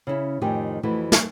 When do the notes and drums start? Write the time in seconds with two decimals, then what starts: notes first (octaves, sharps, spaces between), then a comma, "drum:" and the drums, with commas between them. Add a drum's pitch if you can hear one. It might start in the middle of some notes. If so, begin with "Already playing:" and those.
0.07 C#3 C#4 E4 E5
0.41 F2 A2 D#3 G4 G#5
0.83 F2 E3 A3 E4 F#4
1.12 drum: snare